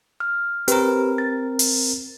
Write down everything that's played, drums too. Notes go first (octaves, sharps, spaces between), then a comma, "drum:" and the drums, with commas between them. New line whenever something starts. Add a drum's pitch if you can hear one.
F6
C4 G4 A#4 B4, drum: hi-hat
A6
drum: open hi-hat